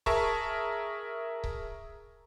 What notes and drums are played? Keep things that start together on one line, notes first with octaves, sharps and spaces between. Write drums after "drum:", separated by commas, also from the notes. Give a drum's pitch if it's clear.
G#4 A#4 E5 A5 C#6, drum: kick C#1
drum: kick C#1